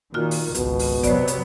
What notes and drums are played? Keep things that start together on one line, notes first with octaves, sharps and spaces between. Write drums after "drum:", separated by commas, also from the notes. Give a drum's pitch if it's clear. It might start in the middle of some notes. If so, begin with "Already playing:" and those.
A#2 D#3 F4 F#4 F6
drum: open hi-hat
G#1 C#2 B2, drum: hi-hat
drum: open hi-hat
C3 F#3 B3 C5 D5, drum: kick, hi-hat
drum: hi-hat